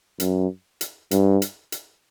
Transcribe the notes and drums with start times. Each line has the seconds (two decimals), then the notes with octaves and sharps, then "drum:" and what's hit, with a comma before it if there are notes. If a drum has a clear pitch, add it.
0.20 F#2, drum: hi-hat
0.81 drum: hi-hat
1.11 G2, drum: hi-hat
1.42 drum: hi-hat
1.72 drum: hi-hat